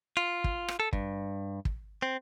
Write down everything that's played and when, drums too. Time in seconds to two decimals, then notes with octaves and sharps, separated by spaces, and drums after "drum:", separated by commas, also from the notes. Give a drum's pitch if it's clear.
0.17 F4
0.44 drum: kick
0.68 drum: rim click
0.80 A4
0.93 G2, drum: kick
1.65 drum: kick
2.02 C4